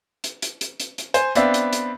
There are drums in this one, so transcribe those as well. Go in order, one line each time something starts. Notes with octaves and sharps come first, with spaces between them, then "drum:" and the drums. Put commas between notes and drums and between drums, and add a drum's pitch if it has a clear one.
drum: hi-hat
drum: hi-hat
drum: hi-hat
drum: hi-hat
drum: hi-hat
C5 G#5, drum: hi-hat
B3 C4 D4 D5 E5 F5, drum: hi-hat
drum: hi-hat
drum: hi-hat